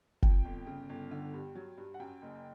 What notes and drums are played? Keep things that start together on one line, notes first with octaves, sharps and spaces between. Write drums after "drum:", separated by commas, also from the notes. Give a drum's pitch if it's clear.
F2 G5, drum: kick
G1
C#3
G1
D3
G2
F#3
G2
F#5
F#2 G5
F#1